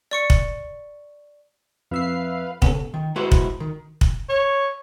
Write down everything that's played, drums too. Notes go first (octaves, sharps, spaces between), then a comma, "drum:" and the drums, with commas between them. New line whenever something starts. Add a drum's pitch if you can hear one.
D5 C#6 C#7
drum: kick
F2 B4 E5 F5 C7
C#3 B3 C#4 A4, drum: kick
D#3
G#3 E4 F#4 B4 C5
drum: kick
D#3
drum: kick
C#5